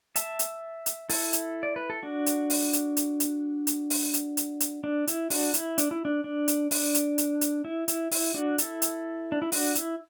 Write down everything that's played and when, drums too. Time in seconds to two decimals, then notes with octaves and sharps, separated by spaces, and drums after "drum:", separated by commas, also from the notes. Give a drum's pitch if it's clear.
0.16 E5 A5, drum: hi-hat
0.39 drum: hi-hat
0.86 drum: hi-hat
1.09 E4 A4, drum: open hi-hat
1.33 drum: hi-hat
1.63 D5
1.76 B4
1.90 A4
2.03 D4 F#4
2.26 drum: hi-hat
2.50 drum: open hi-hat
2.73 drum: hi-hat
2.97 drum: hi-hat
3.20 drum: hi-hat
3.67 drum: hi-hat
3.90 drum: open hi-hat
4.14 drum: hi-hat
4.37 drum: hi-hat
4.60 drum: hi-hat
4.84 D4
5.07 E4, drum: hi-hat
5.30 D4 F#4, drum: open hi-hat
5.54 E4, drum: hi-hat
5.78 D4, drum: hi-hat
5.91 E4
6.05 D4
6.24 D4
6.48 drum: hi-hat
6.71 D4, drum: open hi-hat
6.94 drum: hi-hat
7.18 drum: hi-hat
7.41 drum: hi-hat
7.65 E4
7.88 E4, drum: hi-hat
8.12 E4, drum: open hi-hat
8.34 D4 F#4
8.58 E4 A4, drum: hi-hat
8.82 drum: hi-hat
9.32 D4
9.42 E4
9.52 D4 F#4, drum: open hi-hat
9.75 E4, drum: hi-hat